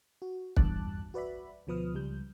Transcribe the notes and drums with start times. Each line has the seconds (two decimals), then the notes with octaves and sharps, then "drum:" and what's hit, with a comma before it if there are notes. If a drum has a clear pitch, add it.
0.22 F#4
0.56 E2 G2 A5 D6 F#6, drum: kick
1.14 F#4 B4 D5 E5 B5
1.67 D2 B2 F3 B4 D#6 F6
1.94 C#2 G3 G6